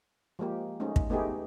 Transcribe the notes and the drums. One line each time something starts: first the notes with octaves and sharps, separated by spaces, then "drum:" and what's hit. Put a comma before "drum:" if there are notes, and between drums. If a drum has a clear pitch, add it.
F3 G#3 A#3 G4
G#3 A3 C#4 D#4
drum: kick
A3 B3 D#4 G4 G#4